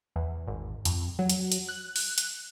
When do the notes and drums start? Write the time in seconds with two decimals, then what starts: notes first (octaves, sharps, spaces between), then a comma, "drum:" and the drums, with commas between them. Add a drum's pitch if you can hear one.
0.16 E2
0.48 G#1
0.85 F2, drum: hi-hat
1.19 F#3
1.30 drum: hi-hat
1.52 drum: hi-hat
1.69 F#6
1.96 drum: open hi-hat
2.18 drum: hi-hat